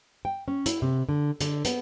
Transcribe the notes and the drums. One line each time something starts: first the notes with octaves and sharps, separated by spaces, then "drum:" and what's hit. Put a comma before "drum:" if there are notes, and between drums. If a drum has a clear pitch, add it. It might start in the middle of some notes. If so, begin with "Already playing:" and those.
G5
C#4
E4, drum: hi-hat
C3
D3
D3, drum: hi-hat
B3, drum: hi-hat